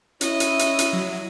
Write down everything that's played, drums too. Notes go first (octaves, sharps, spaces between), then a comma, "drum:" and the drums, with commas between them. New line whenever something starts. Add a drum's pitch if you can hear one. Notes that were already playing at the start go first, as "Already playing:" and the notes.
C#4 E4 D#5, drum: hi-hat
drum: hi-hat
drum: hi-hat
drum: hi-hat
F#3